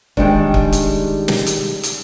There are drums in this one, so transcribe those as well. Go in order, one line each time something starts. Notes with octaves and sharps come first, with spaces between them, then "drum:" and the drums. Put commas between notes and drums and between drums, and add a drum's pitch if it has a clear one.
D#3 G3 G#3 D4, drum: kick
drum: kick
drum: hi-hat
drum: snare
drum: hi-hat
drum: hi-hat